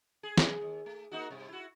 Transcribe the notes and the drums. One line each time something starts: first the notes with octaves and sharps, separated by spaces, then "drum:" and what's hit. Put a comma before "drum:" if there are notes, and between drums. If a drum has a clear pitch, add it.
G#4
drum: snare
D#2
A3
A#3 D#4 F#4
G2 C3
E4 F#4